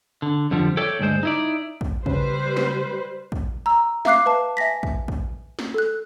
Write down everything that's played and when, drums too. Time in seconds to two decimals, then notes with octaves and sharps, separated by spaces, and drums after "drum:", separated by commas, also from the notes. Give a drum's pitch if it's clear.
0.22 D3
0.51 F2 D3 F3 G3
0.77 A4 C#5 D5 E5 G5
0.99 D2 G2 G#3 C5
1.23 D#4 E4 D5
1.81 drum: kick
2.06 C#3 G3 B4 C5, drum: kick
2.56 drum: snare
3.32 drum: kick
3.66 A#5 E6
4.05 E5 F5 D6 F#6 C7, drum: snare
4.26 B4 A5
4.57 E5 G#5 A#6 B6
4.83 drum: kick
5.08 drum: kick
5.59 drum: snare
5.74 A4 F#6